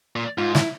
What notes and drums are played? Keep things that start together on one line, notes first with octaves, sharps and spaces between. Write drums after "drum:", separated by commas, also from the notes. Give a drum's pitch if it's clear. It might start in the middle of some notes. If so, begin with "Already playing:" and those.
A#2
G#2 F4
E4, drum: snare